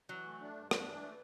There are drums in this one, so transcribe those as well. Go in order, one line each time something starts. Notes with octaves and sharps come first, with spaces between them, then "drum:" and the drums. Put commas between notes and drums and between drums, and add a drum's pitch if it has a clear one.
E3 F#3
A3
D4
G2
D4, drum: rim click
E3
A3